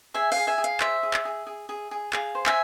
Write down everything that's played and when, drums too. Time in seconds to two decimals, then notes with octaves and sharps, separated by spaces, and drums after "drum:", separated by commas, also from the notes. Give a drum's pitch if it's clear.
0.14 G#4 E5 G#5
0.32 G#4 F5, drum: open hi-hat
0.47 E5 G#5
0.58 G#4
0.64 F5, drum: hi-hat
0.80 C5 E5, drum: clap
1.03 G#4
1.14 drum: clap
1.25 G#4
1.47 G#4
1.69 G#4
1.91 G#4
2.13 G#4 F5, drum: clap
2.35 C5
2.46 E5 G#5, drum: clap